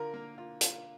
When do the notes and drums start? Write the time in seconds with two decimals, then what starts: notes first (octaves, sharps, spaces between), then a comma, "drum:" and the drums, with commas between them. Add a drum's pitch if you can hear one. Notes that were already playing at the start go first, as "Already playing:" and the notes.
Already playing: D3 F4 A#4
0.14 A#3
0.38 F4
0.61 F4, drum: hi-hat